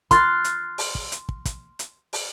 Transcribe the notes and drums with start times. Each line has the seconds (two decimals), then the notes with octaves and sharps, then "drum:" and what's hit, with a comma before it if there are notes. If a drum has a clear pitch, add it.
0.11 C6 F6 F#6 A6, drum: kick, hi-hat
0.44 drum: hi-hat
0.78 drum: open hi-hat
0.95 drum: kick
1.12 drum: hi-hat
1.29 drum: kick
1.45 drum: kick, hi-hat
1.79 drum: hi-hat
2.13 drum: open hi-hat